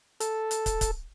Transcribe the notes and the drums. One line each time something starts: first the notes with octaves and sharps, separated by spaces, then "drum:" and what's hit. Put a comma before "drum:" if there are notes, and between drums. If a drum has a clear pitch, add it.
A4, drum: hi-hat
drum: hi-hat
drum: kick, hi-hat
drum: kick, hi-hat